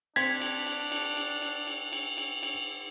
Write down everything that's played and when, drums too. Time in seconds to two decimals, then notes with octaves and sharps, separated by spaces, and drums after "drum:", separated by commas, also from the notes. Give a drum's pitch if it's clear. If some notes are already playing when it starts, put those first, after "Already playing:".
0.16 C4 D4 C5 G#6 B6, drum: cymbal
0.41 drum: cymbal
0.67 drum: cymbal
0.92 drum: cymbal
1.17 drum: cymbal
1.42 drum: cymbal
1.67 drum: cymbal
1.92 drum: cymbal
2.18 drum: cymbal
2.43 drum: cymbal